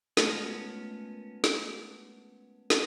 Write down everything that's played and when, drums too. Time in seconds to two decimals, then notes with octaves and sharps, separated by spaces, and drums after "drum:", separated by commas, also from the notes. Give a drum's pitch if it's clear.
0.17 G#3 A3 B3 C#4 F4 A#4, drum: snare
1.44 drum: snare
2.70 drum: snare